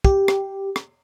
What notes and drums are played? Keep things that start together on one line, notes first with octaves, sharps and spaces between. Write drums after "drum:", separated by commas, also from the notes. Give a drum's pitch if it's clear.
G4, drum: kick
drum: rim click
drum: rim click